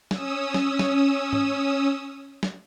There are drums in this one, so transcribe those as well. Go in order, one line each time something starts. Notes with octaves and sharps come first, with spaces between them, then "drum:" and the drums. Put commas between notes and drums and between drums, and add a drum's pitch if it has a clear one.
C#4 D#6 E6, drum: snare
drum: snare
drum: snare
drum: tom G#2
drum: snare